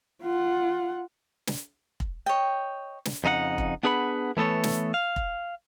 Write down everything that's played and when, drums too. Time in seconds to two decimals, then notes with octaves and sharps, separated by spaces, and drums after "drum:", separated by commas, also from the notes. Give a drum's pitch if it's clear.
0.22 F4 F#5
1.47 drum: snare
2.00 drum: kick
2.26 C#5 D#5 G5
3.05 drum: snare
3.24 F2 C#3 D#4 A4 F#5
3.58 drum: kick
3.83 B3 D4 G#4 B4 F#5 B5
4.37 E3 A3 B3 A4 C#5
4.64 drum: snare
4.94 F5
5.16 drum: kick